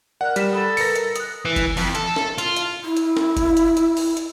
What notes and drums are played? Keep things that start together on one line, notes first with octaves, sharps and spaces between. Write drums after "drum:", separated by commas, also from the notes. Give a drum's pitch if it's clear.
A#4 D5 F#5 F#6
G3 B6 E7, drum: hi-hat
A4 B5 D#6
A#4 B4 A#5 A#6 C#7, drum: open hi-hat
A#4, drum: hi-hat
D#6 F#6, drum: hi-hat
E3
drum: kick F#1, hi-hat
F2, drum: open hi-hat
A4, drum: hi-hat
drum: snare
F4, drum: hi-hat
drum: hi-hat
E4
drum: hi-hat
drum: snare
drum: kick F#1, hi-hat
drum: hi-hat
drum: hi-hat
drum: open hi-hat
drum: hi-hat